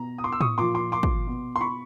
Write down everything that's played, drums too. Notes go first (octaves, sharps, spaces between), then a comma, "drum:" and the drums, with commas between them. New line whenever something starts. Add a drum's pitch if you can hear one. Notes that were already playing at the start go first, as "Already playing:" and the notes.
Already playing: B2 A#5
D#6
C6 D6
E6
C#6 D#6, drum: tom A2
A#2 F3 C6 D6
C6 D6
C6 D6
drum: kick
B2
C6
B5 C#6